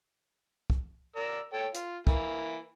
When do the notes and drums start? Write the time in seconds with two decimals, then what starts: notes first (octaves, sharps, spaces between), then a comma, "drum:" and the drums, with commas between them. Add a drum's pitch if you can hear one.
0.70 drum: kick
1.16 A#4 D5 E6
1.53 A4 C#5 G5
1.75 F4, drum: hi-hat
2.07 E3 A#3, drum: kick